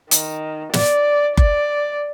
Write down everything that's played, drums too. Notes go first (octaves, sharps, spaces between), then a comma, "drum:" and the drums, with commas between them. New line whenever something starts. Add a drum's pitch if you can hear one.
D#3, drum: hi-hat
D5, drum: snare
D5, drum: kick F#1